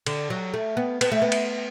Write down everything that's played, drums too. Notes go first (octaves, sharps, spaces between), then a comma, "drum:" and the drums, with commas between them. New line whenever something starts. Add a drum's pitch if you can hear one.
D3, drum: cymbal
F#3
A3
B3
B3, drum: cymbal
A3
B3
drum: cymbal